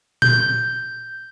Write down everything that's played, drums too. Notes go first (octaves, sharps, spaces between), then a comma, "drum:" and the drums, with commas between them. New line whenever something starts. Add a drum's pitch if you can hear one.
G6, drum: tom A#2